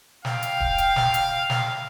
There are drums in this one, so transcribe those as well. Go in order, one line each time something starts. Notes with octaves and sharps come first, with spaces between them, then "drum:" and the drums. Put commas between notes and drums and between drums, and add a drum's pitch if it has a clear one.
F5 G5, drum: snare
drum: hi-hat
drum: kick
drum: hi-hat
drum: snare
drum: hi-hat
drum: snare